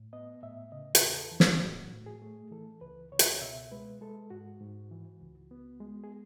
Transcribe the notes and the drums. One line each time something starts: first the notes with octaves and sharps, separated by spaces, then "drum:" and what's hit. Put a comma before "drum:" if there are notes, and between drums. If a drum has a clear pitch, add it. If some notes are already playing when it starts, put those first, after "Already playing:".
Already playing: A2
B3 D#5
A2 E5
C#3 D#5
B4, drum: hi-hat
E2
A4
E3
G#4, drum: snare
A2 F#4
A2
G#4
A3
E3 A4
C#2 B4
C#2 C#5
D#5, drum: hi-hat
C#5
B2 E5
G#3 B4
G#3 A4
G#2 F#4
G#2
E3
C#2
B3
G#3
G#4